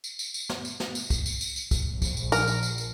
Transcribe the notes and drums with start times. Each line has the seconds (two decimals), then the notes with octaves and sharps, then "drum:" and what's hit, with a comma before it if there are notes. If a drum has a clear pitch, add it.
0.04 drum: tambourine
0.19 drum: tambourine
0.34 drum: tambourine
0.49 drum: snare
0.65 drum: tambourine
0.80 drum: snare
0.95 drum: tambourine
1.10 drum: kick C2, tambourine
1.26 drum: tambourine
1.41 drum: tambourine
1.56 drum: tambourine
1.71 drum: kick C2, tambourine
1.92 A#1
2.02 drum: kick C2, tambourine
2.17 drum: tambourine
2.32 A#4, drum: tambourine
2.47 drum: tambourine
2.63 drum: tambourine
2.78 drum: tambourine